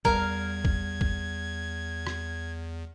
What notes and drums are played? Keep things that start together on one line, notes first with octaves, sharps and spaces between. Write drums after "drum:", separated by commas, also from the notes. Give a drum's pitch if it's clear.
E2 G3 A#4 F5 G#6, drum: kick G#1
drum: kick G#1
drum: kick G#1
drum: rim click